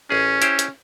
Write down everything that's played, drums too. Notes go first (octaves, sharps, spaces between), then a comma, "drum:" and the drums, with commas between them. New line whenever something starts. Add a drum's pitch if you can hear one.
A1 C#4 G#4
E4 G4 C5, drum: hi-hat
drum: hi-hat